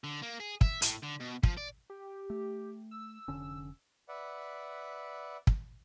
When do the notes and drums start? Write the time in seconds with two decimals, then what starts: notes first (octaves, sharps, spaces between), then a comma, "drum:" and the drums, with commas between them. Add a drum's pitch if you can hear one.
0.04 D3
0.22 A#3
0.40 G#4
0.61 E5, drum: kick
0.82 A2, drum: hi-hat
1.03 D3
1.20 B2
1.43 F3, drum: kick
1.58 D5
1.90 G4
2.30 A3
2.91 E6
3.28 F1 D3 C#4
4.08 B4 D5 E5 F#5
5.47 drum: kick